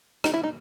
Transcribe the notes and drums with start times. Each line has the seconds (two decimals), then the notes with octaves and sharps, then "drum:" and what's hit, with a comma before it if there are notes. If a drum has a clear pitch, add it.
0.24 D#4, drum: rim click
0.33 E4
0.43 D#4